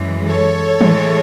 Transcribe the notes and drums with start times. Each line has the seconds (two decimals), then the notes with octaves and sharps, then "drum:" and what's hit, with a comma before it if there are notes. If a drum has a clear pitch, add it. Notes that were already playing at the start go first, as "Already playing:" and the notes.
Already playing: F#2 E3 G#3
0.28 A4 C#5
0.81 A2 E3 G#3, drum: tom D#3